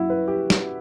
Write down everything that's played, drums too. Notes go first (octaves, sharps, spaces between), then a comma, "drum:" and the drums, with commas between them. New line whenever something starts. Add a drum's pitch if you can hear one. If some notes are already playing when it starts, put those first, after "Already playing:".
Already playing: F#2 F#3 E4 F#4
B4
G4
drum: snare